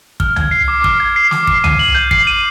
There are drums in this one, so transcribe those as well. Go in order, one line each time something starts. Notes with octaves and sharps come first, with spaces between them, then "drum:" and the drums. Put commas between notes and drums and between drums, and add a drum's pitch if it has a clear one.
F6, drum: kick
G#6, drum: tom
C7
D6
F6, drum: kick
G#6
C7
D6, drum: snare
C7, drum: kick
D#7, drum: tom
F#7
G6
C7, drum: kick
D#7